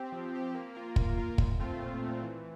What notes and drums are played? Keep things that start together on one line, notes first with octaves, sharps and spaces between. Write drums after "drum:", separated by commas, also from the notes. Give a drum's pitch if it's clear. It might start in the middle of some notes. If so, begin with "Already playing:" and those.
Already playing: C4 G4
F3
C4 G4
A#3
F4 A#4
A#3, drum: kick
F4 A#4
A#2, drum: kick
A3 C4 F4
A#2
A3 C4 F4
E3